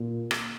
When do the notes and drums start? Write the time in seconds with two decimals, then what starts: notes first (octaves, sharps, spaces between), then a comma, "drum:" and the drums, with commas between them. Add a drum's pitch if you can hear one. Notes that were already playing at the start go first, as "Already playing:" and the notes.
Already playing: A#2
0.31 drum: rim click